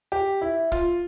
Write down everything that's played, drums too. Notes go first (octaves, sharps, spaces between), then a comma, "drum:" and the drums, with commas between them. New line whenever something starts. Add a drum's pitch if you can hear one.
G4
E4
F4, drum: kick